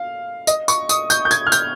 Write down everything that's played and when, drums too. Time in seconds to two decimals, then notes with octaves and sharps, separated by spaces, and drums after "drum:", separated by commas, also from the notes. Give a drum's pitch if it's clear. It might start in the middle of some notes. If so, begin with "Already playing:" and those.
Already playing: F5
0.47 D#5, drum: tambourine
0.68 C#6, drum: tambourine
0.89 D#6, drum: tambourine
1.10 G6, drum: tambourine
1.25 G6
1.31 G#6, drum: tambourine
1.47 F6
1.52 G6, drum: tambourine